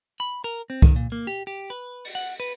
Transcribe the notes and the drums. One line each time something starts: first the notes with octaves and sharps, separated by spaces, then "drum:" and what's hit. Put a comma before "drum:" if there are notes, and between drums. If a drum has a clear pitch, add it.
B5
A#4
C4
D#3, drum: kick C2
A#2
A#3
G4
G4
B4
drum: open hi-hat
F#5
B4